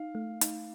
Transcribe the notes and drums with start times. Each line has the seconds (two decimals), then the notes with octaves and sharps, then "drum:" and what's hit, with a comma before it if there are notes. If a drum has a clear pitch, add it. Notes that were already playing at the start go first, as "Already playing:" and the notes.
Already playing: D#4 F5
0.15 A3
0.41 D#4, drum: hi-hat